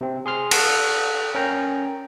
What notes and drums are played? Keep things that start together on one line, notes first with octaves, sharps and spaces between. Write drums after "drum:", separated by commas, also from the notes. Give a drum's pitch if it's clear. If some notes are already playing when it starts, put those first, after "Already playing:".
C3 C4
G#4 C6 F6
A4 F#5, drum: cymbal
C#4 A#4 G5 A#5